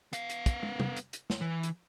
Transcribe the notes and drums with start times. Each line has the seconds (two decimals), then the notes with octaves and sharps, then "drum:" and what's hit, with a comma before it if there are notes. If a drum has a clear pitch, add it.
0.13 B3 F5, drum: hi-hat
0.29 drum: hi-hat
0.46 drum: kick, hi-hat
0.63 drum: tom
0.80 drum: tom
0.96 drum: hi-hat
1.13 drum: hi-hat
1.30 drum: snare
1.41 E3
1.63 drum: hi-hat